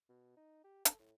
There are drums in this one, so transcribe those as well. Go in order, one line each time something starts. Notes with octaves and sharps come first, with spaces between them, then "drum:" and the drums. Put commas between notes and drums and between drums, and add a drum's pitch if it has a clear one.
B2
D#4
G4
A4, drum: hi-hat
A2